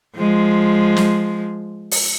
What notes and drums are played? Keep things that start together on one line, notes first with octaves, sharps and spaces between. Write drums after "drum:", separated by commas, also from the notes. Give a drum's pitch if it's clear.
F3 G#3
drum: snare
drum: open hi-hat